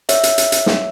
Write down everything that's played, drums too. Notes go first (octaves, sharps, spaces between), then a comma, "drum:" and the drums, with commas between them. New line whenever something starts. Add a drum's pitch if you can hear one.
C#5 E5, drum: hi-hat
drum: hi-hat
drum: hi-hat
drum: hi-hat
drum: snare